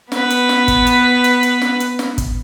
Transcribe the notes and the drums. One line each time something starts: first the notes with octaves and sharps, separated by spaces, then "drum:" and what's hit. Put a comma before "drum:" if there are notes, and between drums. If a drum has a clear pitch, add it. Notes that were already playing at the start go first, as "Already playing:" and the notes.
B3 B4, drum: snare
drum: hi-hat
drum: snare
drum: kick, hi-hat
drum: hi-hat
drum: hi-hat
drum: hi-hat
drum: snare
drum: hi-hat
drum: snare
drum: kick, hi-hat